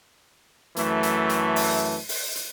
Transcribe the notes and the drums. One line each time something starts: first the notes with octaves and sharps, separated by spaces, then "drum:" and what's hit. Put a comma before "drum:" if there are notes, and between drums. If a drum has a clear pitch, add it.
F#2 E3 A3, drum: hi-hat
drum: hi-hat
drum: hi-hat
drum: open hi-hat
drum: open hi-hat
drum: hi-hat